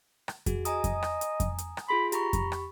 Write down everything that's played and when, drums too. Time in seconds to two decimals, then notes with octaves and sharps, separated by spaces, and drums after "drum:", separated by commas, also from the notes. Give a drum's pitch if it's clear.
0.28 drum: rim click
0.46 F#4 G#4, drum: kick F2, hi-hat
0.65 D#5 G#5 A#5 D#6, drum: hi-hat
0.84 drum: kick F2, hi-hat
1.03 drum: rim click
1.21 drum: hi-hat
1.40 drum: kick F2, hi-hat
1.58 drum: hi-hat
1.77 drum: rim click
1.89 F4 G#4 B5 C6
2.12 G4 A#5 B5 C#6, drum: hi-hat
2.33 drum: kick F2, hi-hat
2.52 drum: rim click